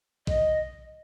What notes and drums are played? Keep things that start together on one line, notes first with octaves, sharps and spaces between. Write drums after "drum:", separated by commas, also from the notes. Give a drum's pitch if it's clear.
D#5, drum: kick A#1